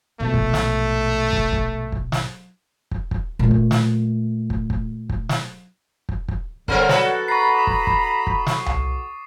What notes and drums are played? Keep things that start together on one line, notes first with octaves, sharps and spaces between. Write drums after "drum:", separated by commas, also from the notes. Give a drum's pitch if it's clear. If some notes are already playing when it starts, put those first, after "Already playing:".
A#1 G#2 B2 A3
drum: kick
drum: snare
drum: kick
drum: kick
drum: kick
drum: snare
drum: kick
drum: kick
A#2 A3
drum: kick
drum: snare
drum: kick
drum: kick
drum: kick
drum: snare
drum: kick
drum: kick
D3 G3 A3 C4 A#4 C#5, drum: kick
F#4 A4 B4, drum: snare
A#5 B5 C#6 A6 C7
D6 D#6
drum: kick
drum: kick
drum: kick
drum: snare
drum: tom C2